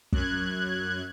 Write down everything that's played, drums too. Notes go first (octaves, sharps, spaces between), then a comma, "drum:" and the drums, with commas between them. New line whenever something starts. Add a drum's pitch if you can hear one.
F#2 F#6 G#6, drum: kick